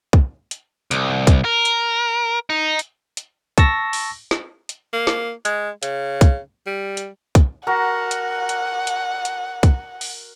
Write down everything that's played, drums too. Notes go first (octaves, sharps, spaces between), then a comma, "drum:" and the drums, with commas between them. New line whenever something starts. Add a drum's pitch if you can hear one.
drum: kick
drum: hi-hat
C2, drum: hi-hat
drum: kick, hi-hat
A#4
drum: hi-hat
D#4
drum: hi-hat
drum: hi-hat
A5 C#6 E6 A#6, drum: kick, hi-hat
drum: open hi-hat
drum: snare
drum: hi-hat
A#3
drum: snare
G#3, drum: hi-hat
C#3, drum: hi-hat
drum: kick, hi-hat
G3
drum: hi-hat
drum: kick, hi-hat
F#4 A#4 F#5
drum: hi-hat
drum: hi-hat
drum: hi-hat
drum: hi-hat
drum: kick, hi-hat
drum: open hi-hat